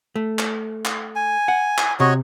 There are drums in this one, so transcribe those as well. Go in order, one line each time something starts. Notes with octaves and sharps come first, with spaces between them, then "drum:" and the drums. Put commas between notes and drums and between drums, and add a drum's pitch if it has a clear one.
A3
drum: clap
drum: clap
G#5
F#5
drum: clap
C3 F#4 C#5 D#5